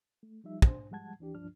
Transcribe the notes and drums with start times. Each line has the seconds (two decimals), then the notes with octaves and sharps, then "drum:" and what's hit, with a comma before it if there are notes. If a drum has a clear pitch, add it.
0.23 A3
0.44 F3 G3 D#4 E5
0.62 D4 C5, drum: kick
0.91 F3 G3 G#3 F#5 A5 G#6
1.19 D2 E3 D4 G4
1.35 C#2 G2 F3 D4 F6